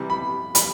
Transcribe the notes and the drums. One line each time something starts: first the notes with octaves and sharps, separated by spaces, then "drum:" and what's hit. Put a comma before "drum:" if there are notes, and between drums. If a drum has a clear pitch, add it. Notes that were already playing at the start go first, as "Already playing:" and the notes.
Already playing: C3 E3 G3
B5
B5, drum: hi-hat